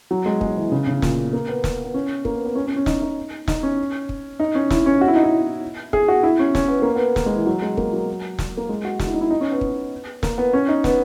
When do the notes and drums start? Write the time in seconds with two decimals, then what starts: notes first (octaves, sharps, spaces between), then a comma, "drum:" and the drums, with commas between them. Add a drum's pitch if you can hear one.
0.11 F#3
0.26 G#3
0.41 G#3, drum: kick
0.56 E3
0.72 C#3
0.87 C#3
1.02 A#2, drum: snare
1.33 A#3
1.49 B3
1.64 drum: snare
1.85 B3
1.94 C#4
2.25 A#3, drum: kick
2.35 B3
2.46 B3
2.55 C#4
2.66 C#4
2.76 C#4
2.86 D#4, drum: snare
3.02 D#4
3.48 D#4, drum: snare
3.63 C#4
4.09 drum: kick
4.39 D#4
4.55 C#4
4.70 E4, drum: snare
4.86 C#4
5.01 F#4
5.08 E4
5.16 D#4
5.23 E4
5.93 G#4, drum: kick
6.08 F#4
6.23 E4
6.39 C#4
6.55 C#4, drum: snare
6.68 B3
6.82 A#3
6.96 B3
7.16 A#3, drum: snare
7.26 G#3
7.36 E3
7.46 F#3
7.62 G#3
7.77 A#3, drum: kick
7.93 F#3
8.39 drum: snare
8.57 A#3
8.69 G#3
8.85 F#4
8.99 F#4, drum: snare
9.07 E4
9.14 D#4
9.21 E4
9.30 D#4
9.41 C#4
9.51 B3
9.61 drum: kick
10.23 A#3, drum: snare
10.38 B3
10.53 C#4
10.68 D#4
10.84 B3, drum: snare